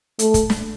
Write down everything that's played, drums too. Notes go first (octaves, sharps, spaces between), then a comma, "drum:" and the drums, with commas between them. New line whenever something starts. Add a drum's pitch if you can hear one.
A3, drum: hi-hat
drum: kick, hi-hat
drum: snare